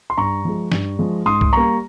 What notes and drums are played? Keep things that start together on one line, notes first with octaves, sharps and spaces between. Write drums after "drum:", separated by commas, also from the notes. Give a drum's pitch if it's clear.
C6
G2 A#5 C#6
F3 G#3
G2, drum: snare
F3 G#3
G#2 C6 D#6
drum: kick C2
G3 A#3 A#5 C#6